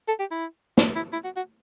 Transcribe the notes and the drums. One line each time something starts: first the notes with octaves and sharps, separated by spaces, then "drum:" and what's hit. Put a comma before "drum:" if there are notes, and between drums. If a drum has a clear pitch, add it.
A4
G4
E4
D4, drum: snare
E4
E4
F#4
F#4